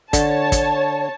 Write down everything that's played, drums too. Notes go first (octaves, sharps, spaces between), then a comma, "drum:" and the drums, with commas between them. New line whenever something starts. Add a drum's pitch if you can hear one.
D3 C#5 A5, drum: kick, hi-hat
drum: kick, hi-hat